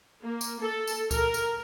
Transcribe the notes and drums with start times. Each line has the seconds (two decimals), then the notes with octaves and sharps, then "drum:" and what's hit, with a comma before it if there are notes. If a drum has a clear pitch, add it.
0.22 A#3
0.41 drum: tambourine
0.61 A4
0.87 drum: tambourine
1.11 A#4, drum: kick C#2, tambourine
1.34 drum: tambourine